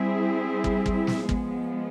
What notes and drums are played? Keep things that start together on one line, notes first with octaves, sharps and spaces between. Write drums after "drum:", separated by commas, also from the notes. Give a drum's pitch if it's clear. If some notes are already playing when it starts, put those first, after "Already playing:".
Already playing: G3 C4 E4 G#4
drum: kick
drum: kick
drum: snare
F3 G#3 B3, drum: kick